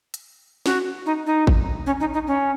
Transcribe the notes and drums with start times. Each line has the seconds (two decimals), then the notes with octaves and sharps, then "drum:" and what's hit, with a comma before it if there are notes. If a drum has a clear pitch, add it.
0.14 drum: hi-hat
0.66 F#4, drum: snare
1.06 D#4
1.26 D#4
1.47 drum: kick G#1
1.86 C#4
2.00 D#4
2.13 D#4
2.27 C#4